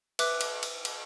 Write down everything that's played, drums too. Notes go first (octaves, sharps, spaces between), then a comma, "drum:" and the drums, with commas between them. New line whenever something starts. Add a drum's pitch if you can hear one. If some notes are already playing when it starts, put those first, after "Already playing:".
B4 E5 D6 F#6, drum: cymbal
drum: cymbal
drum: cymbal
drum: cymbal